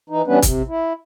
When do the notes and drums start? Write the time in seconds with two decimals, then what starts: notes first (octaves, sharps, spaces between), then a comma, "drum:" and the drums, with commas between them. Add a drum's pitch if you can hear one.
0.10 E3 D#4
0.27 E3 G3 B3 C#4 D4 B4
0.42 C3, drum: kick, hi-hat
0.68 E4